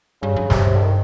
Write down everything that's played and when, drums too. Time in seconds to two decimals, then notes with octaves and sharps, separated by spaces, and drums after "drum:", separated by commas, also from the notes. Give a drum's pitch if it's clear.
0.22 G2 C#3
0.36 F#2
0.50 G2 C3, drum: snare
0.76 D3
0.82 D#3